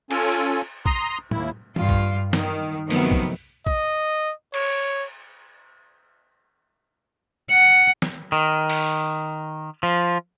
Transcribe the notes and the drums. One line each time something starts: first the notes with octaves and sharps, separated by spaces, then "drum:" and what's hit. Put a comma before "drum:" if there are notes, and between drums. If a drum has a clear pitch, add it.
C#4 F4 A4 G#5, drum: cymbal
drum: hi-hat
A#5 C6 D#6, drum: kick
D#2 E4, drum: tom
G2 F4, drum: tom
drum: kick
D#3, drum: snare
C3 D#3 F3 F#3 A3 B3, drum: open hi-hat
drum: kick
D#5, drum: kick
C#5, drum: cymbal
F#5
drum: snare
D#3
drum: open hi-hat
F3